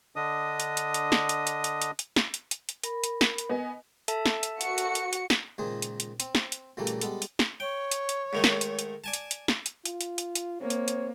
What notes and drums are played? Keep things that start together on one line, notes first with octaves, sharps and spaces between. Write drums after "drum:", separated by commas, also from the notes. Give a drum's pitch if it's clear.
D3 D4 D#5 D#6
drum: hi-hat
drum: hi-hat
drum: hi-hat
drum: snare
drum: hi-hat
drum: hi-hat
drum: hi-hat
drum: hi-hat
drum: hi-hat
drum: snare
drum: hi-hat
drum: hi-hat
drum: hi-hat
A#4 B5, drum: hi-hat
drum: hi-hat
drum: snare
drum: hi-hat
B3 D#5 G#5
A4 E5 A5, drum: hi-hat
drum: snare
drum: hi-hat
F#4 C#7, drum: hi-hat
drum: hi-hat
drum: hi-hat
drum: hi-hat
drum: snare
C#2 A#2 D#3 G#4 C5
drum: hi-hat
drum: hi-hat
C4, drum: hi-hat
drum: snare
drum: hi-hat
A#2 C#3 E3 G3 A3 A#3
drum: hi-hat
G3 G#3 B3 A4, drum: hi-hat
drum: hi-hat
drum: snare
C#5 G5
drum: hi-hat
drum: hi-hat
G#2 D#3 A3
drum: snare
drum: hi-hat
drum: hi-hat
D5 G#5 A5
drum: hi-hat
drum: hi-hat
drum: snare
drum: hi-hat
F4, drum: hi-hat
drum: hi-hat
drum: hi-hat
drum: hi-hat
A#3 C4 C#5
drum: hi-hat
drum: hi-hat